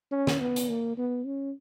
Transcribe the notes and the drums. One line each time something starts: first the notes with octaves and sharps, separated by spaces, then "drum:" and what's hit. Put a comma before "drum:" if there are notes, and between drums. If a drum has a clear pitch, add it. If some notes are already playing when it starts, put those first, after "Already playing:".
C#4
drum: snare
B3
drum: hi-hat
A#3
B3
C#4